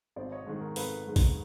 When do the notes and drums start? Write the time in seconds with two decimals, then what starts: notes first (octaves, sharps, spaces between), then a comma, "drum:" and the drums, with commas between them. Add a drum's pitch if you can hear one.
0.16 G#1 C5 D5
0.31 C#5 D#5
0.46 G#2 D#3 G#3
0.61 A#4
0.76 G#1 A4 B4, drum: open hi-hat
1.07 G#2 D#3 G#3
1.16 drum: kick, open hi-hat